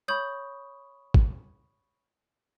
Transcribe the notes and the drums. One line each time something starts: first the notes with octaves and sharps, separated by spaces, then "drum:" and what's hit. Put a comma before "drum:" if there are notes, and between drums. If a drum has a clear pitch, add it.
C#5 B5 C#6 D#6 G6 F#7
drum: kick